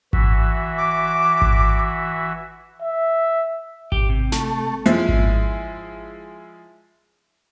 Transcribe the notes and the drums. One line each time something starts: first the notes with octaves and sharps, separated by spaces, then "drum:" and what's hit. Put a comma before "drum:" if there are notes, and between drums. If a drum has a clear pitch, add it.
E3 F#4 E5, drum: kick G#1
D6
drum: kick G#1
E5
G4, drum: kick G#1
C3
A3, drum: snare
F3 G#3 E4, drum: hi-hat
drum: kick G#1